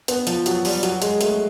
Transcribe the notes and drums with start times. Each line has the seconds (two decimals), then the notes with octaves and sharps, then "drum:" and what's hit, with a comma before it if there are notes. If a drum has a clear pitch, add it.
0.08 B3, drum: hi-hat
0.27 F3, drum: hi-hat
0.46 F#3, drum: hi-hat
0.65 G3, drum: open hi-hat
0.83 F#3, drum: hi-hat
1.02 G#3, drum: hi-hat
1.21 A3, drum: hi-hat